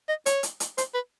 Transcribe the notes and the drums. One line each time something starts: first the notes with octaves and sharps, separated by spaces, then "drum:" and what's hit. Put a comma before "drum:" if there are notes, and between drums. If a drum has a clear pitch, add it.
D#5
C#5, drum: hi-hat
drum: hi-hat
drum: hi-hat
C5, drum: hi-hat
B4